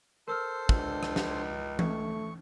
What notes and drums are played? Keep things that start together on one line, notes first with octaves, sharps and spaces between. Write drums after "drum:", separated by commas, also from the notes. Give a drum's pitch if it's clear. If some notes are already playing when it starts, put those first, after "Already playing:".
A4 A#4 C5 C6 E6 F6
C#2 D4, drum: kick
drum: rim click
drum: snare
A3 C#6, drum: tom E3